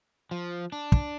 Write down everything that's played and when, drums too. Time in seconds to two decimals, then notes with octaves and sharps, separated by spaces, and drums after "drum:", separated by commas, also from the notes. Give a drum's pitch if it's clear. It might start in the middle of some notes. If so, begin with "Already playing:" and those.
0.31 F3
0.72 D4
0.92 drum: kick